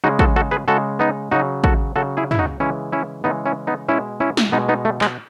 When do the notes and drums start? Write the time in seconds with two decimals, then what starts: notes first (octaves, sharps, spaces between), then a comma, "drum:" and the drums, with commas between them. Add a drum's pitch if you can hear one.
0.04 C#3 G#3 D#4 F#4
0.19 F#4 A4, drum: kick
0.36 F#4 A4
0.51 G#4 B4
0.68 C#3 G#3 F#4 A4
0.99 B3 D#4
1.31 C#3 F#3 D#4 F#4
1.64 F#4 A4, drum: kick
1.96 C#3 F#3 F#4 A4
2.17 E4 G#4
2.31 E4, drum: tom
2.39 D#4 F#4
2.60 C#3 E3 G#3 C#4 E4
2.92 C#4 E4
3.24 C#3 E3 G#3 B3 D#4
3.46 C#4 E4
3.67 B3 D#4
3.89 B2 G#3 C#4 E4
4.20 C#4 E4
4.37 drum: snare
4.52 B2 G#3 B3 D#4
4.69 B3 D#4
4.85 A3
5.01 G#3, drum: clap